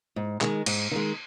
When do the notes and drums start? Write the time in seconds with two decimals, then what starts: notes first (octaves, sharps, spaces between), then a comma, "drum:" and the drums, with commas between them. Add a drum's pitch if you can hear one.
0.16 G#2
0.41 D#3 G#3, drum: clap
0.66 G#2, drum: cymbal
0.91 D#3 G#3